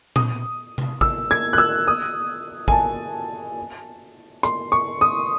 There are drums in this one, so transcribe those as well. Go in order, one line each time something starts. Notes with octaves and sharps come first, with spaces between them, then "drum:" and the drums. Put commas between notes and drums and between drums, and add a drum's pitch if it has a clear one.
D#6, drum: tom A#2
drum: tom C3
E6, drum: kick
G#6
F#6
E6
D#6
G#5, drum: kick
A5
C6, drum: hi-hat
C#6
D#6